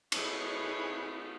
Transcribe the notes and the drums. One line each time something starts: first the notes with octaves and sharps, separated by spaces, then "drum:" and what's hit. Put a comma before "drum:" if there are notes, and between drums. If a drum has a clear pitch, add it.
E4 G#4 A4 B4 C#5 D#5, drum: cymbal